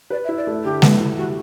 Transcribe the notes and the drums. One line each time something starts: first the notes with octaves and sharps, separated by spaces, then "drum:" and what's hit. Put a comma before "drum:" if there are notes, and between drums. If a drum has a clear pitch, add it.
B4 D5
E5
E4
D5
A3
D3 G4
B4, drum: snare G#3
E4
F#4 G4